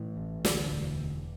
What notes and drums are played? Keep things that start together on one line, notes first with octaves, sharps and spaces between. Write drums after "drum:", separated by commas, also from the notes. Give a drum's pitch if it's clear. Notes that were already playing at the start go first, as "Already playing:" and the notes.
Already playing: A2 E3
A1
D2, drum: snare
E1
E1